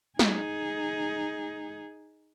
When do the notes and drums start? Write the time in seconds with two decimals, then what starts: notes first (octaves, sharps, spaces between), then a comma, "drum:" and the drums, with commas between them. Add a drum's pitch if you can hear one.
0.19 D#4 G#4, drum: snare